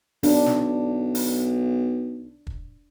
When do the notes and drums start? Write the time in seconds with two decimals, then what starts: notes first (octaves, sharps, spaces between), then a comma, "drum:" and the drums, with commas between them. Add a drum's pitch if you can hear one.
0.23 B1 D4, drum: open hi-hat
0.46 drum: snare
1.15 drum: open hi-hat
2.47 drum: kick